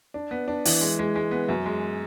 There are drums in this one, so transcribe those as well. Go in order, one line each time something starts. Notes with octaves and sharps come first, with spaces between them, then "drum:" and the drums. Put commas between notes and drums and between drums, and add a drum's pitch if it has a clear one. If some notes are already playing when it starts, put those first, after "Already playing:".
D4
B3
D4
E3, drum: open hi-hat
G#3
G#3
G#3
B3
F#2
G#3